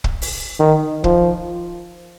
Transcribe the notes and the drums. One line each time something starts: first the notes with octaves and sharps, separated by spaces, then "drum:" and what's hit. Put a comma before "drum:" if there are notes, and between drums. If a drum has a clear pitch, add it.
drum: kick
drum: open hi-hat
D#3
F3, drum: kick